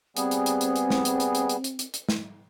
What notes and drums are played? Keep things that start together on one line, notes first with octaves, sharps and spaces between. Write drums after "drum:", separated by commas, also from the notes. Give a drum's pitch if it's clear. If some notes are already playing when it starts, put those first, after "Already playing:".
G3 B3 C4 G#4, drum: hi-hat
drum: hi-hat
drum: hi-hat
drum: hi-hat
drum: hi-hat
drum: snare
drum: hi-hat
drum: hi-hat
drum: hi-hat
drum: hi-hat
drum: hi-hat
drum: hi-hat
drum: hi-hat
drum: snare